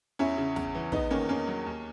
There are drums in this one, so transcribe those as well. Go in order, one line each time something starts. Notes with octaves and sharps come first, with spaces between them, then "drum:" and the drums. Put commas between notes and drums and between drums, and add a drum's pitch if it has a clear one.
E2 C#4 E4
C#3
E2, drum: snare
E3
E2 B3 D#4, drum: kick
D#3 A#3 C#4
E2 A#3 C#4
F#3
D#2